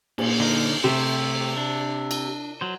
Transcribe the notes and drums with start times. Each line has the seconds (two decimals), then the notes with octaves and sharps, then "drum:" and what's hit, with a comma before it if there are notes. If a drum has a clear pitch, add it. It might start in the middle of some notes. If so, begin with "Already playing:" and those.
0.18 A#2, drum: cymbal
0.40 D3 D#4 A#4
0.84 C3 A3 G4 C5
1.57 D4
2.11 drum: cymbal
2.61 F#3 C5